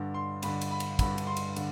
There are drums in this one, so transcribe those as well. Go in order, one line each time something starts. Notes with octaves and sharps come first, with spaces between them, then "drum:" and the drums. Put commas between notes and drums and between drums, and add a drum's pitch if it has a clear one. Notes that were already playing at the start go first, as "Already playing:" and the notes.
Already playing: G2 D3
C6
G2 D3 B5, drum: cymbal
drum: cymbal
B5
drum: cymbal
G2 D3 B5, drum: kick, cymbal
drum: cymbal
C6
drum: cymbal
D3, drum: cymbal